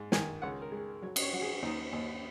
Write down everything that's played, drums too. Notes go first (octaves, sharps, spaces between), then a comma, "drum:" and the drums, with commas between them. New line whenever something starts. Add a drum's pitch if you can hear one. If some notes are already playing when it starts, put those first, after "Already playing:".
Already playing: G#2
D#3 G#5, drum: snare
C#2 F#5
A#4
G#3
F#3 C#5
D#5, drum: cymbal
C#5
F#3 F#4
G#4
D#2 D#4
D#2